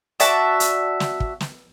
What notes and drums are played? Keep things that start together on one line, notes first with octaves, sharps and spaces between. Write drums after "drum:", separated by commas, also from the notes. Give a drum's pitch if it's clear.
F#4 D5 E5 A5, drum: hi-hat
drum: hi-hat
drum: snare
drum: kick
drum: snare